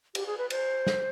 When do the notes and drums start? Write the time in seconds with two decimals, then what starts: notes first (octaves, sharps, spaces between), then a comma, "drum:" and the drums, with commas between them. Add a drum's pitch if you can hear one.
0.15 G4, drum: cymbal
0.26 G#4
0.38 B4
0.50 C5, drum: cymbal
0.87 drum: snare